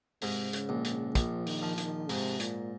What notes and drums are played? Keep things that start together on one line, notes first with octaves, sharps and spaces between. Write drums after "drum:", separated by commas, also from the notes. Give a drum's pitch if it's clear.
G#2 C3, drum: open hi-hat
C#3, drum: hi-hat
A#1
C#3, drum: hi-hat
A#1 F3, drum: kick, hi-hat
D#3, drum: open hi-hat
F3
D#3, drum: hi-hat
G#2 C3, drum: open hi-hat
A#2, drum: hi-hat